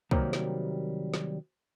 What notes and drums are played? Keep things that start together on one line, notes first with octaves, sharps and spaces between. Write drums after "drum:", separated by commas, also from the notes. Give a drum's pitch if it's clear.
C3 D#3 F#3 G3 A#3, drum: kick
drum: snare
drum: snare